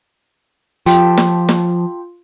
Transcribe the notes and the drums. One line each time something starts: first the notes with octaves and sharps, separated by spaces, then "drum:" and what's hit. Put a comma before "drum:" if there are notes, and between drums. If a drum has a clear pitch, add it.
F3 F4 G4 A4, drum: hi-hat
drum: snare
drum: snare